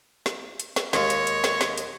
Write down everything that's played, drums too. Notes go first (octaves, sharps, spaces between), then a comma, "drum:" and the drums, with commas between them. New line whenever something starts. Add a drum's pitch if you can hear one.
drum: snare
drum: hi-hat
drum: snare
D#2 G#3 A#3 C#5, drum: snare
drum: hi-hat
drum: hi-hat
drum: snare
drum: snare
drum: hi-hat